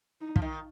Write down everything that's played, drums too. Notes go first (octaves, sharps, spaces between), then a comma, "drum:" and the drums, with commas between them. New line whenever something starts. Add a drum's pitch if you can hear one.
D#4
F3, drum: kick
D#3